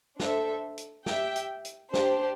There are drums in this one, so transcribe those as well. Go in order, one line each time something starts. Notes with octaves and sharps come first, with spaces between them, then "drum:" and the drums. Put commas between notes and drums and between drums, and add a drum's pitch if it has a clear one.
D4 A4 C5 E5, drum: snare
drum: hi-hat
G4 E5 G5, drum: snare
drum: hi-hat
drum: hi-hat
D4 G4 C5, drum: snare